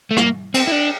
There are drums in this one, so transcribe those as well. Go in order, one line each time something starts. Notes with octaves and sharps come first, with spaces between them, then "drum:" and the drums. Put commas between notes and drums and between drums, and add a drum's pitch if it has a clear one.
A3
A#3, drum: rim click
C4, drum: cymbal
E4
D4